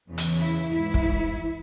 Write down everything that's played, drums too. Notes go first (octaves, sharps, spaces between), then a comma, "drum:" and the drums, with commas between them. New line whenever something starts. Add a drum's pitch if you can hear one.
E2 C#3 E3
drum: hi-hat
E4
G#2 E3 G#3 E4
drum: kick